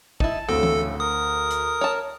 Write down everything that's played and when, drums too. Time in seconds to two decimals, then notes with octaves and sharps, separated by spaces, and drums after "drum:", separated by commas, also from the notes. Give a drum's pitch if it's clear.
0.20 D#4 E4 A5, drum: kick
0.49 D2 A2 C#3 C4 A4
0.63 drum: tom E3
1.00 A#4 D#6
1.50 drum: hi-hat
1.81 C#5 A5